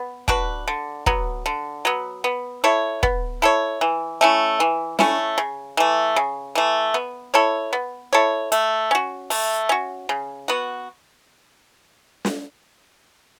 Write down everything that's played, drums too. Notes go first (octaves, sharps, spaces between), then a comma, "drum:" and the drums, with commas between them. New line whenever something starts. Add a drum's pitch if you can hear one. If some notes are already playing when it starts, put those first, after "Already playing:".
Already playing: B3
D4 F#4 B4, drum: kick
D3
F#3 B3, drum: kick
D3
F#3 B3
B3
E4 A4 C#5
B3, drum: kick
E4 A4 C#5
E3
A3 C#4 E4
E3
A3 C#4 E4, drum: snare
C#3
E3 A3
C#3
E3 A3
B3
E4 A4 C#5
B3
E4 A4 C#5
A3, drum: hi-hat
C#4 F#4
A3, drum: open hi-hat
C#4 F#4
C#3
B3 F#4
drum: snare